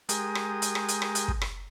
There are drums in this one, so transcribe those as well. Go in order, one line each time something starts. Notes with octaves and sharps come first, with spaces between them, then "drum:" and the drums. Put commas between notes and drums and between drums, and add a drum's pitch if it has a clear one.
G#3 G4 A#4 D#6, drum: hi-hat
drum: rim click
drum: hi-hat
drum: rim click
drum: hi-hat
drum: rim click
drum: hi-hat
drum: kick
drum: rim click